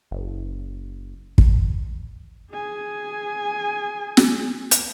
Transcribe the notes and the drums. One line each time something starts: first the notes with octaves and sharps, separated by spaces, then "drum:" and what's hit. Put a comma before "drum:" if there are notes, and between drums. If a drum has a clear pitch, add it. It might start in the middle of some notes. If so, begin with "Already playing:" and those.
F#1
drum: kick
G#4 G#5
drum: snare
drum: hi-hat